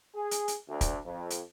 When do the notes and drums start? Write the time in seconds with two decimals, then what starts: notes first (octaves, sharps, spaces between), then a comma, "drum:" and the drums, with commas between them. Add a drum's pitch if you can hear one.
0.15 G#4
0.31 drum: hi-hat
0.48 drum: hi-hat
0.69 D2
0.81 drum: kick, hi-hat
1.05 F2
1.30 drum: hi-hat